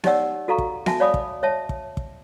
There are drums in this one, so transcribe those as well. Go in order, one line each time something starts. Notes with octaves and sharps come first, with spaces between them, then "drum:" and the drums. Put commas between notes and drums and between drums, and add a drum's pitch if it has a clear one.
D#4 G4 C#5 D5 F#5 E6, drum: snare B3
F#4 A4 F5 A#5 C#6
drum: kick
F#4 E5 G#5 A5, drum: snare B3
C#5 D5 F5 B5 D6 D#6
drum: kick
C#5 E5 A5
drum: kick
drum: kick